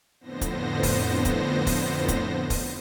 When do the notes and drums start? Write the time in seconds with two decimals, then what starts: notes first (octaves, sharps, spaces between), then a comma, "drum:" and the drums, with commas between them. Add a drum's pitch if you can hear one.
0.21 F2 A2 D3 B3 C5 A#6
0.41 drum: kick, hi-hat
0.83 drum: kick, open hi-hat
1.25 drum: kick, hi-hat
1.67 drum: kick, open hi-hat
2.08 drum: kick, hi-hat
2.50 drum: kick, open hi-hat